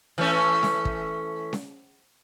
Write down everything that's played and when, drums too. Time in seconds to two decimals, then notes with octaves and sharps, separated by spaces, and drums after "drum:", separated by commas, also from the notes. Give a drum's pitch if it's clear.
0.18 E3 A3 C#4
0.63 drum: snare C#4
0.85 drum: kick
1.53 drum: snare C#4